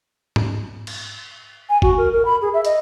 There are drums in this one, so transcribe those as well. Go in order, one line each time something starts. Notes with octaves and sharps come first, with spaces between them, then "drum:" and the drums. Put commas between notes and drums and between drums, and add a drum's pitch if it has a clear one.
drum: tom G#2
drum: cymbal
G#5
F#4, drum: kick
A#4
A#4
B5
G#4
E5
D#5, drum: hi-hat